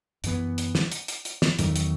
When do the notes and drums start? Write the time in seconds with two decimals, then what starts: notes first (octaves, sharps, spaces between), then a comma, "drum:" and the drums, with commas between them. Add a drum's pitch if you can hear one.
0.24 F#2 E3 B3, drum: hi-hat
0.58 drum: hi-hat
0.75 drum: snare
0.92 drum: hi-hat
1.08 drum: hi-hat
1.25 drum: hi-hat
1.42 drum: snare
1.59 E2 D#3 F#3 A3, drum: hi-hat
1.76 drum: hi-hat